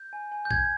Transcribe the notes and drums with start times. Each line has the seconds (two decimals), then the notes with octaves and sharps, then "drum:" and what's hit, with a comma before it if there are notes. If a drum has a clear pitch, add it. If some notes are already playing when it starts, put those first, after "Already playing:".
Already playing: G6
0.13 G#5
0.32 G#5
0.45 G6
0.51 G#5 G#6, drum: kick A#1